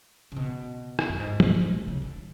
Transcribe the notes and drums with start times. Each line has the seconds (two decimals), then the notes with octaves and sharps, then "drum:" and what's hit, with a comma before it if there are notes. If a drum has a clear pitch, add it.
0.32 C#3
0.36 B2
0.99 drum: rim click
1.09 F#2
1.20 G#2
1.40 drum: tom
1.60 A2
1.74 B2
1.88 C#3
2.02 D3